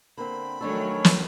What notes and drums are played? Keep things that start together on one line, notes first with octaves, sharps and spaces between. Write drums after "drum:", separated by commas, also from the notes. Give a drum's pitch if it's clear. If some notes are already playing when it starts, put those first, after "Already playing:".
D3 A#3 C4 B5
D#3 F#3 A3 C#4 D4 A4 C#5
drum: snare